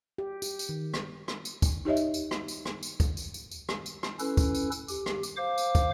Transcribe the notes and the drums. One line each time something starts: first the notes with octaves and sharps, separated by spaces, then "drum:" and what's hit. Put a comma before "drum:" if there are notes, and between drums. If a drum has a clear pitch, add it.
G4
G4, drum: tambourine
drum: tambourine
D#3
drum: rim click
drum: rim click
drum: tambourine
drum: kick, tambourine
D#4 G4 C#5 D#5 E5
drum: tambourine
drum: tambourine
drum: rim click
drum: tambourine
drum: rim click
drum: tambourine
drum: kick, tambourine
drum: tambourine
drum: tambourine
drum: tambourine
drum: rim click
drum: tambourine
drum: rim click
C#4 E4 A4 B4, drum: tambourine
drum: kick, tambourine
drum: tambourine
drum: tambourine
G4, drum: tambourine
drum: rim click
drum: tambourine
C5 F5 D6
drum: tambourine
drum: kick, tambourine